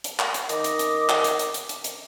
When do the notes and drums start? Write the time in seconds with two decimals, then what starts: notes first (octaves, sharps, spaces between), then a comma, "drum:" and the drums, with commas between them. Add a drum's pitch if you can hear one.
0.04 drum: hi-hat
0.19 drum: clap
0.34 drum: hi-hat
0.49 D#3 D#5 D6, drum: hi-hat
0.64 drum: hi-hat
0.79 drum: hi-hat
1.09 drum: clap
1.24 drum: hi-hat
1.39 drum: hi-hat
1.54 drum: hi-hat
1.69 drum: hi-hat
1.84 drum: hi-hat